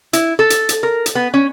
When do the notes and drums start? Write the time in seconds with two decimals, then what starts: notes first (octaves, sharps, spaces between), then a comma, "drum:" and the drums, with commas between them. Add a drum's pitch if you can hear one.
0.13 E4, drum: hi-hat
0.39 A4
0.50 drum: hi-hat
0.69 drum: hi-hat
0.83 A#4
1.06 drum: hi-hat
1.15 B3
1.34 C#4